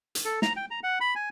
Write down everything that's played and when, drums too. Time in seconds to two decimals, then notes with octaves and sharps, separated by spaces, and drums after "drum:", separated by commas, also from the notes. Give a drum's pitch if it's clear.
0.15 drum: hi-hat
0.25 A4
0.42 A#5, drum: snare
0.56 G5
0.71 A#5
0.83 F#5
1.00 B5
1.15 G#5